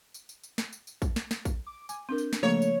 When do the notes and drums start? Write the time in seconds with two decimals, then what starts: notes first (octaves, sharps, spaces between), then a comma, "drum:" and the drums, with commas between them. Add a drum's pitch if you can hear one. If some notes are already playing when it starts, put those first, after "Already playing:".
0.14 drum: tambourine
0.29 drum: tambourine
0.44 drum: tambourine
0.58 drum: snare
0.73 drum: tambourine
0.87 drum: tambourine
1.02 drum: kick, tambourine
1.16 drum: snare
1.31 drum: snare
1.45 drum: kick, tambourine
1.67 D6
1.89 G#5 D6, drum: tambourine
2.09 C4 D4 A#4 G6
2.18 drum: tambourine
2.33 drum: snare
2.43 C#3 F3 A3 A#3 C#5
2.62 drum: tambourine